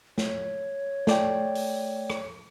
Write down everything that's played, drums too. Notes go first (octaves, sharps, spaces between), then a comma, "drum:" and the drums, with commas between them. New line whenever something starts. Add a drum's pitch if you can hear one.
C#5, drum: snare
A3 D5 G5, drum: snare
drum: open hi-hat
drum: rim click